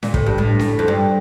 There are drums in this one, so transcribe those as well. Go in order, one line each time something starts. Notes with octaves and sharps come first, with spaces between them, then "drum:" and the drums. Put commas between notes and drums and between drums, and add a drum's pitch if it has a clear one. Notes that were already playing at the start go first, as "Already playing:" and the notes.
A#2, drum: snare C#4
A2, drum: kick
G2
A2
drum: snare C#4
F2
G2